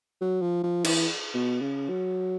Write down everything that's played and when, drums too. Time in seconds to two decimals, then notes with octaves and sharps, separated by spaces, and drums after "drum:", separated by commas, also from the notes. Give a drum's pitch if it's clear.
0.21 F#3
0.41 F3
0.64 F3
0.85 E3, drum: cymbal
1.34 B2
1.61 C#3
1.89 F#3